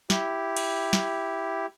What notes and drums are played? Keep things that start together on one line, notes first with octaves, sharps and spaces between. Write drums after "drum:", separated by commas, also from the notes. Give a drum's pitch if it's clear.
E4 G4, drum: snare
drum: cymbal
drum: snare